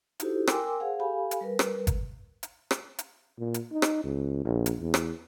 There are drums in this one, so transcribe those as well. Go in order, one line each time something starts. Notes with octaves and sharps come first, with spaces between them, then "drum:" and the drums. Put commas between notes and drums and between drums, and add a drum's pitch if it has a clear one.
D#4 E4 F#4 G4 A4 C5, drum: hi-hat
A#4 G5 G#5 C6 D6 E6, drum: rim click
G#4 C5 F5 F#5
G4 A4 F5 G#5 B5
drum: hi-hat
G3 A#4 B4
drum: rim click
drum: kick G1, hi-hat
drum: hi-hat
drum: rim click
drum: hi-hat
A#2
drum: hi-hat
D#4
drum: rim click
C#2
A#1
drum: hi-hat
E2
drum: rim click